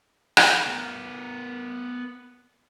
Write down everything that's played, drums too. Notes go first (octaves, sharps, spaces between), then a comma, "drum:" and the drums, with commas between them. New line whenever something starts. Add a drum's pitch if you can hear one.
drum: rim click
B3 A#4